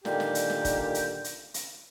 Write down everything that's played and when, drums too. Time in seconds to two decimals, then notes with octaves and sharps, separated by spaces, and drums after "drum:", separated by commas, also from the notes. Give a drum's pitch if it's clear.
0.05 A#2 D3 D#3 G3 G4, drum: snare
0.20 drum: snare
0.35 drum: hi-hat
0.50 drum: snare
0.65 drum: kick, hi-hat
0.94 drum: hi-hat
1.24 drum: hi-hat
1.54 drum: hi-hat